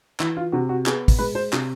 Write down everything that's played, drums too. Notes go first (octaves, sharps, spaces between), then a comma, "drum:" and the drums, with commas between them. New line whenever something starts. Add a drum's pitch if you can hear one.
E3 E4, drum: clap
F4
C3 F#4
F#4
B3 G#4, drum: clap
drum: kick, open hi-hat
G#3 B4
C5
C3, drum: clap